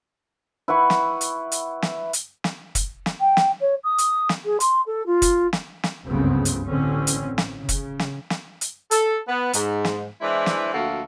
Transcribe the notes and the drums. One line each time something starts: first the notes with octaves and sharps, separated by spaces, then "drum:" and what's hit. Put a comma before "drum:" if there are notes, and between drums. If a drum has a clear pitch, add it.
E4 B4 F#5 C#6
drum: snare
drum: hi-hat
drum: hi-hat
drum: snare
drum: hi-hat
drum: snare
drum: kick, hi-hat
drum: snare
G5
drum: snare
C#5
D#6
drum: hi-hat
drum: snare
G#4
C6, drum: hi-hat
A4
F4
drum: kick, hi-hat
drum: snare
drum: snare
G1 C#2 F#2 C#3 B3 C4
drum: hi-hat
A1 D3 C4 C#4
drum: hi-hat
drum: snare
C#3
drum: kick, hi-hat
drum: snare
drum: snare
drum: hi-hat
A4, drum: hi-hat
B3
G#2, drum: hi-hat
drum: snare
E3 G#3 D4 E4 C5
drum: snare
D2 F3 A#3 F#4 A4